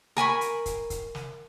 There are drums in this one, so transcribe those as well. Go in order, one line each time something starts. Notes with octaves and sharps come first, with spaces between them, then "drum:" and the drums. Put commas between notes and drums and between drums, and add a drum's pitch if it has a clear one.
A#4 G#5 B5 C#6, drum: snare
drum: hi-hat
drum: kick, hi-hat
drum: kick, hi-hat
drum: snare